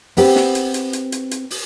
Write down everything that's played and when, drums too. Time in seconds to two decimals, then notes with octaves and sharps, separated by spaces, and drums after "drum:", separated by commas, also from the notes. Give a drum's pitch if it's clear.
0.17 B3 C4 G4, drum: open hi-hat
0.36 drum: snare
0.55 drum: hi-hat
0.74 drum: hi-hat
0.93 drum: hi-hat
1.12 drum: hi-hat
1.31 drum: hi-hat
1.50 drum: open hi-hat